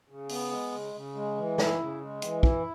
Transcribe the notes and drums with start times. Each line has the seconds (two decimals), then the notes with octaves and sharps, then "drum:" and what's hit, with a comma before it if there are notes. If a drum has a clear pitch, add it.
0.08 C#3
0.29 B3, drum: open hi-hat
0.51 G#3
0.72 C#3
0.94 C#3
1.15 G#3
1.36 E3
1.58 E4, drum: snare
1.79 C#3
2.01 G#3
2.22 E3, drum: hi-hat
2.43 E4, drum: kick